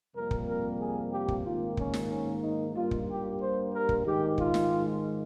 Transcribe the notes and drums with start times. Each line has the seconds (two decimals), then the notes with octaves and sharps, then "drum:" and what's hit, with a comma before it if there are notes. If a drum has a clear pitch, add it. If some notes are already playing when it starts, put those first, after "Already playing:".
0.15 F2 C3 G3 A#3 A#4
0.31 drum: kick
0.47 A#4
0.80 G#4
1.12 G4
1.28 drum: kick
1.45 G#2 D#3 A#3 F4
1.77 C#4, drum: kick
1.94 drum: snare
2.10 C#4
2.43 D#4
2.75 G2 G3 A#3 F4
2.91 drum: kick
3.08 G4
3.40 C5
3.73 A#4
3.89 drum: kick
4.05 G#2 D#3 G#3 G4
4.38 F4, drum: kick
4.54 drum: snare